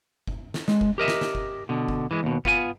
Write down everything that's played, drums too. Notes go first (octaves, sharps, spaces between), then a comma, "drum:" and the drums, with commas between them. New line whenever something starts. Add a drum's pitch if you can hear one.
drum: kick F#1
drum: snare
G#3, drum: snare
drum: kick F#1
G4 A#4 D#5 E5
drum: snare
drum: snare
drum: kick F#1
B2 D3
drum: kick F#1
E3 G#3
D#2 B2
B3 F4 B4 G#5, drum: kick F#1